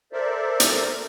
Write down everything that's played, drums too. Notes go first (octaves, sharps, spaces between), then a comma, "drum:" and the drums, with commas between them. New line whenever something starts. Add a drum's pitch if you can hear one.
A4 A#4 C5 D5 E5
drum: hi-hat